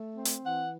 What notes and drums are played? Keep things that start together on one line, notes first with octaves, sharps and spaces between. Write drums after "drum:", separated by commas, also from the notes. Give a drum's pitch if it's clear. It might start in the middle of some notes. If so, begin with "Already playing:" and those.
Already playing: A3
C4
drum: hi-hat
E3 F#5